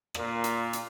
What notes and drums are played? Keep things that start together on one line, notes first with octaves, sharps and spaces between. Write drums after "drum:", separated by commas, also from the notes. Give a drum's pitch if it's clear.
A#2, drum: rim click
drum: hi-hat
drum: hi-hat